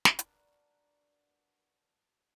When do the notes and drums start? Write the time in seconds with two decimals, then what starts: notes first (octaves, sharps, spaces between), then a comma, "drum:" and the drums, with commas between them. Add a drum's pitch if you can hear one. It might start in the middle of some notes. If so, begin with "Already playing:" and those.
0.05 drum: snare
0.19 D4 F#4 A#4 B4, drum: hi-hat